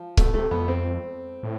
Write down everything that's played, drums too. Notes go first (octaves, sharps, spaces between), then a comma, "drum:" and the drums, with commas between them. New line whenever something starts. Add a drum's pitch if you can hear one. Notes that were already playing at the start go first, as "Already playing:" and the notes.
Already playing: F3
B2 A3, drum: kick C#1
C3 A3
F2 B3
C4
A2